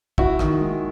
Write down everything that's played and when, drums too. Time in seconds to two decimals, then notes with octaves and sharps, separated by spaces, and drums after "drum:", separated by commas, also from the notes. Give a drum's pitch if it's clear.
0.18 E4 F#4, drum: kick
0.39 D#3, drum: rim click
0.61 G#3